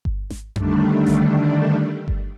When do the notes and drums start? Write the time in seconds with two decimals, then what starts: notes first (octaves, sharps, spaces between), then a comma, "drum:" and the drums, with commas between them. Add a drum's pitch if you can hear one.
0.05 drum: kick G1
0.30 drum: snare G#1
0.56 D3 D#3 G3 A3 D4, drum: tom F2
1.06 drum: snare G#1
2.08 drum: kick G1